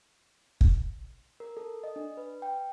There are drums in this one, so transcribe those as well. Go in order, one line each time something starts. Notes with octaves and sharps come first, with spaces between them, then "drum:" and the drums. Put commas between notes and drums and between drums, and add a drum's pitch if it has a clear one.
drum: kick
A#4
A4
D#5
D4
B4
G5